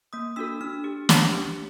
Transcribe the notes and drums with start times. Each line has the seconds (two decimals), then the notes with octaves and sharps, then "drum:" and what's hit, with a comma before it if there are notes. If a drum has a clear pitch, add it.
0.13 A#3 D#6
0.36 D4 F#4 A4 E6
0.61 D4 F6
0.84 G4
1.09 D4, drum: snare
1.32 G4